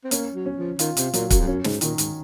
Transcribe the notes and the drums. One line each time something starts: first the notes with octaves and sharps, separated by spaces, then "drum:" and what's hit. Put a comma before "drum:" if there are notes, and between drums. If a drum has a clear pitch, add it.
C4
A#3 C#4, drum: hi-hat
F#3
C#4
F3
D#3 F4, drum: hi-hat
C3, drum: hi-hat
A#2 F#3, drum: hi-hat
F#2, drum: kick, hi-hat
F2
F#2 C#4
G#2, drum: snare
A#2 D#3, drum: hi-hat
G#2, drum: hi-hat